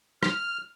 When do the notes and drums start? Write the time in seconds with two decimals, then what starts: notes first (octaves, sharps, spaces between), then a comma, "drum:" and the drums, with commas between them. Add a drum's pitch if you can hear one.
0.23 F6, drum: rim click